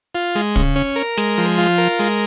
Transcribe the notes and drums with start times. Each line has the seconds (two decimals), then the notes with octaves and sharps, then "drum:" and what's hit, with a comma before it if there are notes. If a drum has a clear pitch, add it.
0.15 F4
0.35 G#3
0.56 C#3, drum: kick
0.76 C#4
0.96 A#4
1.17 G#3, drum: snare
1.38 F3
1.58 F4
1.78 A#4
1.99 G#3